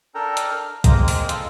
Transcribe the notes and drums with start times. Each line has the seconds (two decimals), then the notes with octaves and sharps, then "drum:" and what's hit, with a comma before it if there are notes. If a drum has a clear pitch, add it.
0.15 D4 A4 A#4 G5 A#5
0.37 drum: hi-hat
0.53 F6
0.84 G#3 A#3 C4 A#4 D#5 G5, drum: kick, hi-hat
1.08 drum: open hi-hat
1.29 F4 A4, drum: hi-hat